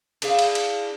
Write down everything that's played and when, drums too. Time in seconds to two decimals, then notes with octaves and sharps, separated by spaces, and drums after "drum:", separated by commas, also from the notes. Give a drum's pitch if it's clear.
0.22 D4 E4 G#4 F5, drum: cymbal
0.39 drum: cymbal
0.55 drum: cymbal